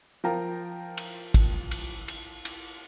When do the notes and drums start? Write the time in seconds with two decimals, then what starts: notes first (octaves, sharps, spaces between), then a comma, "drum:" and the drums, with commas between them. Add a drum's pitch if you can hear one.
0.24 F3 A#4 G5 A#5
0.97 drum: cymbal
1.34 drum: kick, cymbal
1.71 drum: cymbal
2.08 drum: cymbal
2.45 drum: cymbal